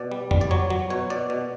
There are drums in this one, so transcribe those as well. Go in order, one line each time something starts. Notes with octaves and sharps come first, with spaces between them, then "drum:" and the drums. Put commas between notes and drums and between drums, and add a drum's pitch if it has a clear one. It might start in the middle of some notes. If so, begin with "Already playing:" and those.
Already playing: B2 D5
G3
G3, drum: tom F2
D5
F#3 C#5
F#3
B2 C#5
B2 D5
B2